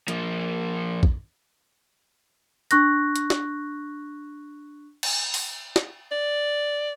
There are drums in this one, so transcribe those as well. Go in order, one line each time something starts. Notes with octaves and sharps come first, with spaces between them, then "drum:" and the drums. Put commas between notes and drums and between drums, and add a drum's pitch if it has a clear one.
F3 A#3, drum: hi-hat
drum: kick
D4 C#6 F#6 A#6, drum: hi-hat
drum: hi-hat
drum: snare
drum: cymbal
drum: open hi-hat
drum: snare
D5